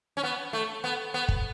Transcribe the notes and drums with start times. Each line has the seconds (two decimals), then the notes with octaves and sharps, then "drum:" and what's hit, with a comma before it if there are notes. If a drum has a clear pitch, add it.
0.17 C#4
0.23 B3
0.53 A3
0.84 B3
1.14 B3
1.28 drum: kick